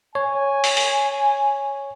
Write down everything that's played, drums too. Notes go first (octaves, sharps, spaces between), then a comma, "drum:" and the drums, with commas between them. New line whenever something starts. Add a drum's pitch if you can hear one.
C#5 G#5
drum: open hi-hat
drum: open hi-hat